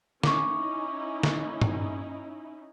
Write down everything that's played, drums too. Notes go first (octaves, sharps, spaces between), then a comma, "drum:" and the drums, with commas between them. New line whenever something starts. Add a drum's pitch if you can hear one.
C#4 D#4 E4 C#6 D6, drum: snare
drum: snare
drum: tom G2